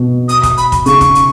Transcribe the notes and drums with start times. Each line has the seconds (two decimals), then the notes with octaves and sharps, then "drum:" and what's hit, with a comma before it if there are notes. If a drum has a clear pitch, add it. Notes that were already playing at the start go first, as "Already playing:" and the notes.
Already playing: B2
0.29 D#6, drum: hi-hat
0.43 drum: kick, hi-hat
0.58 B5, drum: hi-hat
0.72 drum: kick, hi-hat
0.86 C#3 C#6, drum: hi-hat
1.01 drum: kick, hi-hat
1.15 drum: hi-hat